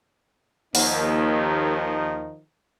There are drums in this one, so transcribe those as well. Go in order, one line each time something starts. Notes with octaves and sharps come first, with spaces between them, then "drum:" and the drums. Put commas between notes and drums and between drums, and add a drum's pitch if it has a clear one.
D#2 D#3 F3 D#4, drum: open hi-hat